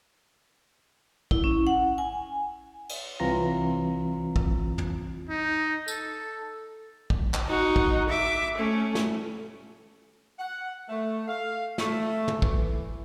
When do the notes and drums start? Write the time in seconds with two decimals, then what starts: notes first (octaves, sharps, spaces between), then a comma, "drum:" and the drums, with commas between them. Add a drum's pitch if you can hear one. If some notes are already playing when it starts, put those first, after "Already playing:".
1.31 E4, drum: kick
1.44 C#4
1.67 F#5
1.98 G#5
2.89 drum: cymbal
3.20 C2 E3 C4 F4 A#5 A#6
4.36 drum: kick
4.78 drum: tom
5.29 D#4
5.88 A4, drum: tambourine
7.10 drum: kick
7.34 drum: clap
7.47 D#4 F#4
7.76 drum: kick
8.09 E5 D6
8.57 A3 C#4
8.95 drum: snare
10.39 F#5
10.89 A3
11.28 F5
11.78 A3, drum: snare
12.28 drum: tom
12.42 E3, drum: kick